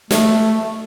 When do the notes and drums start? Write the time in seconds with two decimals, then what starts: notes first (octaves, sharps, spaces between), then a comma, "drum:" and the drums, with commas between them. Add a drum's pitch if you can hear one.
0.11 A3, drum: snare